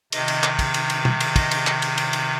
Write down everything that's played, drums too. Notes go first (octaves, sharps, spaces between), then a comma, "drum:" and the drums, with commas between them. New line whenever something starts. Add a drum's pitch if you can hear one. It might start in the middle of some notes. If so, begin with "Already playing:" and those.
C3 D#3 D#5, drum: cymbal
drum: cymbal
drum: clap
drum: kick, cymbal
drum: cymbal
drum: cymbal
drum: tom
drum: cymbal
D#5, drum: kick, cymbal
drum: cymbal
drum: clap
drum: cymbal
drum: cymbal
drum: cymbal